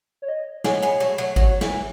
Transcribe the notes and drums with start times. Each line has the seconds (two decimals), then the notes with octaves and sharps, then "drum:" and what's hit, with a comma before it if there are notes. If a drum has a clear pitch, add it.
0.22 C#5
0.29 D#5
0.64 G#3 B3 C#5, drum: snare
0.82 G#3 B3
1.00 F#3 A3
1.18 F#3 A3
1.36 F#3, drum: kick G#1
1.61 E3, drum: snare